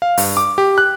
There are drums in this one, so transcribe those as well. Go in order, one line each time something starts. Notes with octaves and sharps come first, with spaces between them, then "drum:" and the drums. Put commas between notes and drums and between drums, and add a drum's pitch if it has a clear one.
F5
G2, drum: open hi-hat
D6
G4
F#6